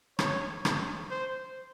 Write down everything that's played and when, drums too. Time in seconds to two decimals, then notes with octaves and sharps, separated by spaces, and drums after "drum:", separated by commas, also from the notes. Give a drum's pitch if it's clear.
0.19 C#5, drum: rim click
0.65 drum: rim click
1.11 C5